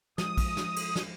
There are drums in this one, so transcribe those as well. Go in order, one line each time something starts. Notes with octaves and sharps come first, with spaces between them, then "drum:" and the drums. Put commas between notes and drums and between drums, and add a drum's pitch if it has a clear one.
F3 G#3 D#6, drum: snare
drum: kick, cymbal
drum: snare
drum: cymbal
drum: snare